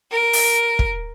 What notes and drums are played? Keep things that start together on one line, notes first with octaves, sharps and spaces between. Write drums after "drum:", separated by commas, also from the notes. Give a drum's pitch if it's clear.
A#4
drum: open hi-hat
drum: kick